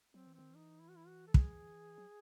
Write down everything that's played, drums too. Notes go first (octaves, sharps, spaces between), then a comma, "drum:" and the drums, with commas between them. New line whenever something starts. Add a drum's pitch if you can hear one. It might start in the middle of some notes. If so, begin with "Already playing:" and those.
F#3 C4
E3
D#3 C4
E3 D#4
E4
F#4
E4
F#4
A4
G#4, drum: kick
F#3